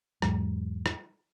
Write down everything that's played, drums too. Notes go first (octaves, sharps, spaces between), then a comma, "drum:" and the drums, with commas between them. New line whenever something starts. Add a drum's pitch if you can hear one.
E2 G#2 F#3 G#3, drum: rim click
drum: rim click